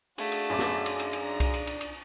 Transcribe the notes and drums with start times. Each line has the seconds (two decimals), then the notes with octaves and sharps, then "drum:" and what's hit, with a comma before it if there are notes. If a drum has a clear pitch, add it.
0.18 A3 D4 F#4 G#4 F5, drum: cymbal
0.32 drum: cymbal
0.50 F#2 D6
0.59 drum: snare
0.86 drum: cymbal
0.99 drum: cymbal
1.13 drum: cymbal
1.22 D4 A#5
1.40 drum: kick C2, cymbal
1.54 drum: cymbal
1.67 drum: cymbal
1.81 drum: cymbal